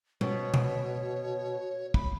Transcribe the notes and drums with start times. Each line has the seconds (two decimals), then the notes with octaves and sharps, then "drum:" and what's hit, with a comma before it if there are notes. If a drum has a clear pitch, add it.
0.21 B2 C#5, drum: tom
0.54 drum: tom B2
1.94 B5, drum: kick